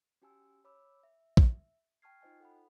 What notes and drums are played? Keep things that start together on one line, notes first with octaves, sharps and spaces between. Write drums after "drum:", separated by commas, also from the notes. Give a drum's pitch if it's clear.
C#4 F#4 G4 G#5 A5 E6
C#5 B5 D6 E6
E5
drum: kick A#1
G5 A5 C#6 F6 G#6 C7
D#4 F4 C5 D#5 G5 G#5
A4 F#5 B5